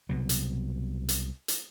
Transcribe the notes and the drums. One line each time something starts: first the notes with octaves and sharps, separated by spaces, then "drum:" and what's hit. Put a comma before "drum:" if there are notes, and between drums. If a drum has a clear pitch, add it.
C2 B2 F#3
drum: hi-hat
drum: hi-hat
drum: hi-hat